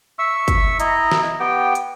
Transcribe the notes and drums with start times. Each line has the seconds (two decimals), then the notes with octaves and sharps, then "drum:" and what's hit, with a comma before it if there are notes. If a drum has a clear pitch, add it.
0.19 E5 C#6 E6
0.48 drum: kick, hi-hat
0.80 E4 D#5 A#5, drum: hi-hat
1.12 drum: snare
1.40 B3 G4 G5
1.75 drum: hi-hat